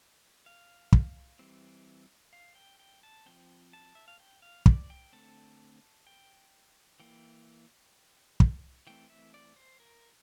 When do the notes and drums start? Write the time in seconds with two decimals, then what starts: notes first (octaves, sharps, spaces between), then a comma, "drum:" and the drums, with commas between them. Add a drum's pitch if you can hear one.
0.46 F5
0.92 drum: kick
1.39 E3 G3 C4
2.33 F5
2.55 G5
2.79 G5
3.03 A5
3.26 F3 C4 G5
3.73 A5
3.95 E5
4.08 F5
4.20 G5
4.42 F5
4.66 D5, drum: kick
4.90 G5
5.13 D3 A3 C4 A5
6.07 G5
7.00 E3 A#3 G5
8.40 drum: kick
8.87 E3 A3 C4 G5
9.10 E5
9.34 D5
9.56 C5
9.80 A#4